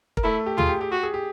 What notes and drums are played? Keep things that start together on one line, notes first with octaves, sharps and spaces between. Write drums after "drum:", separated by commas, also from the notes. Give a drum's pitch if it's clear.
A#4, drum: kick
A3 E4 A4
G4
F4 G#4, drum: tom
G4
G4
F#4 G4
G#4
G4